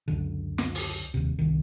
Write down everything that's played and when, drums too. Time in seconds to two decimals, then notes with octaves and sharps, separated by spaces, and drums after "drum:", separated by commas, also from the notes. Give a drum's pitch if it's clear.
0.08 C#2 F#2 D3
0.58 drum: snare
0.75 drum: open hi-hat
1.14 D#1 D#2 C3
1.39 G1 C2 D#3